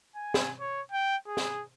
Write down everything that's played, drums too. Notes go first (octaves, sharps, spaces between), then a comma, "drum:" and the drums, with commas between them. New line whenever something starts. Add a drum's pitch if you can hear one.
G#5
drum: snare
C#5
G5
G#4
drum: snare